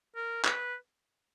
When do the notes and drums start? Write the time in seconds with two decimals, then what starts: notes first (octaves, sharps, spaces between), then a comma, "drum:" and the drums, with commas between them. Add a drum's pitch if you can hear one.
0.16 A#4
0.44 B4, drum: clap